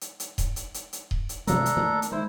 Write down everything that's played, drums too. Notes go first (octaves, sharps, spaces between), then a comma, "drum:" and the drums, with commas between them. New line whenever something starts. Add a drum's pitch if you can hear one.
drum: hi-hat
drum: hi-hat
drum: kick D#1, hi-hat
drum: hi-hat
drum: hi-hat
drum: hi-hat
drum: kick D#1
drum: hi-hat
B2 E3 G#3 D4 A4 A#5, drum: hi-hat
drum: hi-hat
D#3 A3 A#3
drum: hi-hat
G#3 E4 C5